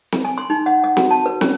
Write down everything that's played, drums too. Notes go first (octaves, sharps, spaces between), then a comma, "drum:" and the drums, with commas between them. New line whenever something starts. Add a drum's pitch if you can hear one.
drum: snare
G#5
C6
D#4
F#5
F#5
F#4, drum: snare
A5
B4
C#4, drum: snare